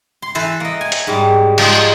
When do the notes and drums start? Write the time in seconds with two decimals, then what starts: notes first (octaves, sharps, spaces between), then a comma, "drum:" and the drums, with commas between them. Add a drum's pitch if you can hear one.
0.22 C6
0.35 E3 A4 B4 C5
0.60 A#3 D#5
0.81 G#5
0.92 drum: hi-hat
1.07 G#2 G3
1.58 F3 G#3 D#4, drum: cymbal